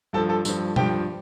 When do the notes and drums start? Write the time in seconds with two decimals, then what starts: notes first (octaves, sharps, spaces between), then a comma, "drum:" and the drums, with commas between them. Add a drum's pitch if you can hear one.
0.13 G2 F3 A4 A5
0.29 A4 A5
0.45 G2 F3, drum: tambourine
0.76 G2 F3 G4 G5, drum: tom B2